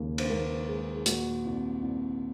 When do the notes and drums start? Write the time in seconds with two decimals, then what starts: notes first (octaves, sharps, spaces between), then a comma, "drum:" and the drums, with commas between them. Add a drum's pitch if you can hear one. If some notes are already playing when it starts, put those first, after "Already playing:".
Already playing: D#2 C#3 A#4
0.18 C5, drum: cymbal
0.29 D#2 A#4
0.68 G#3 G#4
0.96 G#4
1.06 A#2 F#4, drum: hi-hat
1.45 C2
1.82 C2